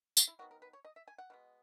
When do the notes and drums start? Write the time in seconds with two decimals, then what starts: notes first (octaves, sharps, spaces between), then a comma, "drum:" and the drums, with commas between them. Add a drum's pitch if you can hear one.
0.17 F#4, drum: tambourine
0.28 E4
0.39 D#3 F#3 B3 F#4
0.51 A#4
0.62 B4
0.73 C#5
0.85 D#5
0.96 E5
1.08 G#5
1.18 F#5
1.30 B2 G#3 B3